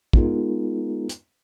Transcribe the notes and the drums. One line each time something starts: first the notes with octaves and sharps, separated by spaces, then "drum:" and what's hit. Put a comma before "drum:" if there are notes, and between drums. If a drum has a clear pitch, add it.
G#3 B3 D#4 F4 G#4 A#4, drum: kick
drum: hi-hat